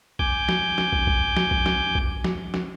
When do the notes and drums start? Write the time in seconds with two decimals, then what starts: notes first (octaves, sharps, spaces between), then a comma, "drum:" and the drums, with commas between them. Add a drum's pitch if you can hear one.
0.19 G#5 D6 G6, drum: kick
0.49 drum: snare
0.78 drum: snare
0.93 drum: kick
1.07 drum: kick
1.37 drum: snare
1.51 drum: kick
1.66 drum: snare
1.95 drum: kick
2.24 drum: snare
2.54 drum: snare